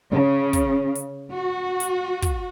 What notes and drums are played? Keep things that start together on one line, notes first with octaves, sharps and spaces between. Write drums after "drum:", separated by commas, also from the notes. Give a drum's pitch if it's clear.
C#3
drum: kick, hi-hat
drum: hi-hat
F#4
drum: hi-hat
drum: kick, hi-hat